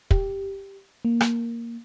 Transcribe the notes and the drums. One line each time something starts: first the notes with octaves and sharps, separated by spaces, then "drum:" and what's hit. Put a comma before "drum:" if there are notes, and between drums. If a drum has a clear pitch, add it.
G4, drum: kick
A#3
drum: rim click